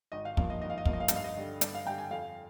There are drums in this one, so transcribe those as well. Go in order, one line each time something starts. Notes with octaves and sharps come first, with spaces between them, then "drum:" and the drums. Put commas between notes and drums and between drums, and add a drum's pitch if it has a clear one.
G#1 D#5
F5
G2 F3 A#3 F5, drum: kick
D#5
G#1 D#5
F5
D#5
G2 F3 A#3 F5, drum: kick
D#5
F5
D#5, drum: hi-hat
G2 F5
D#5
D3 G3
G2 D5, drum: hi-hat
F5
D3 G3 G5
G#5
F2 F5